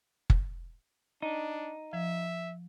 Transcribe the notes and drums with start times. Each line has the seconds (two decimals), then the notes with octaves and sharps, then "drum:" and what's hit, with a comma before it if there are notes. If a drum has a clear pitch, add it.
0.30 drum: kick F#1
1.22 D4 D#4
1.93 F3 E5